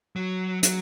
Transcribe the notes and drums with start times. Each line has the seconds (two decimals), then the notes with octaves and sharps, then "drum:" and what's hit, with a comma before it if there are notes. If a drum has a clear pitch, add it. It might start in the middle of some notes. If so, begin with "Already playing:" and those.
0.16 F#3
0.63 F#3, drum: hi-hat